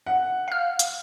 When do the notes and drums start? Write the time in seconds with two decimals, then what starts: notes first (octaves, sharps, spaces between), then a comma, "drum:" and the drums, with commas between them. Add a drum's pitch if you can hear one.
0.06 F#5
0.48 F5 F6
0.79 drum: hi-hat